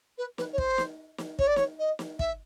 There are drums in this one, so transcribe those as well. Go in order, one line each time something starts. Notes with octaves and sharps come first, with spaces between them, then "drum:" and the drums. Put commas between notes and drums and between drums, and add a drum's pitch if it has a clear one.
B4
B4, drum: snare
C#5
C5, drum: kick
drum: snare
drum: snare
C#5, drum: kick
D5
C#5, drum: snare
D#5
drum: snare
E5, drum: kick